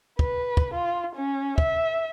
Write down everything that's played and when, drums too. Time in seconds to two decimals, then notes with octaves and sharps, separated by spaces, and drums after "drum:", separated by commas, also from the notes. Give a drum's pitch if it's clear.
0.19 B4, drum: kick
0.57 drum: kick
0.74 F4
1.15 C#4
1.58 E5, drum: kick